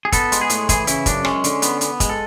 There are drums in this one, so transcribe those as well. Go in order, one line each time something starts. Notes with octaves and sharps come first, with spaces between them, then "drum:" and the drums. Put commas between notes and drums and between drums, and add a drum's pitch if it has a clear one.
G#4
B3 A4, drum: kick, hi-hat
G#3, drum: hi-hat
G#4
A2, drum: hi-hat
E3 G#4, drum: kick, hi-hat
C#3 E4, drum: hi-hat
F#2 D4, drum: kick, hi-hat
G#3 C#4, drum: rim click
D3, drum: hi-hat
B3, drum: hi-hat
B3, drum: hi-hat
G#3, drum: kick, hi-hat
A4